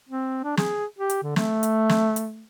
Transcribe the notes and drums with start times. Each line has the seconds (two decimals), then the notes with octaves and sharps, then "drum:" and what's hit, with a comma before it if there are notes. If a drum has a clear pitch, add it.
0.09 C4
0.44 D4
0.57 G#4, drum: snare
0.99 G4
1.10 drum: hi-hat
1.23 D3
1.36 A3, drum: snare
1.63 drum: hi-hat
1.89 drum: snare
2.16 drum: hi-hat